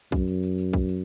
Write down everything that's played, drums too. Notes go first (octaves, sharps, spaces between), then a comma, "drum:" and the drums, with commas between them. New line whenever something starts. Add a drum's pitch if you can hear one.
F#2, drum: kick B1, tambourine
drum: tambourine
drum: tambourine
drum: tambourine
drum: kick B1, tambourine
drum: tambourine